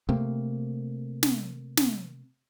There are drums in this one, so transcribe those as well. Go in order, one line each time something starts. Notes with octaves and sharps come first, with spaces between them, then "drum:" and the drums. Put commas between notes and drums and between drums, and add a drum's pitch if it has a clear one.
C3 A3 A#3 C4
drum: snare
drum: snare